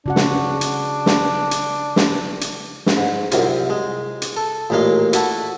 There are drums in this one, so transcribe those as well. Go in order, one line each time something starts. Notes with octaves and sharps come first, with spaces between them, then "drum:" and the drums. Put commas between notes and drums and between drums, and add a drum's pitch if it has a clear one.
C#3 D4 F#4 F#5
drum: snare
drum: hi-hat
drum: snare
drum: hi-hat
drum: snare
drum: hi-hat
drum: snare
G#2
C2 F#2 C3 F4, drum: hi-hat
G#3
drum: hi-hat
A4
A1 A#2 G#3 A#3 F5 C6
E4 F#4 A4, drum: hi-hat